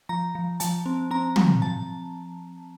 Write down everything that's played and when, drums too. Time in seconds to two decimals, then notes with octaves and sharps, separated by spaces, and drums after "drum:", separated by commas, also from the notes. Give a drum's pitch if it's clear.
0.09 F3 A#5
0.35 F3
0.60 F3 A5, drum: hi-hat
0.86 C4
1.11 C4 A#5
1.36 F3, drum: tom
1.62 F3 A5